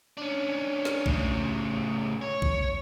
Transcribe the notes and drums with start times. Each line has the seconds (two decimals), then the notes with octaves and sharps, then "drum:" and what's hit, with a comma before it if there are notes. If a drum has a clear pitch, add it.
0.17 C#4 D4
0.85 drum: snare
1.06 A2 C#3, drum: kick A#1
2.22 C#5
2.42 drum: kick A#1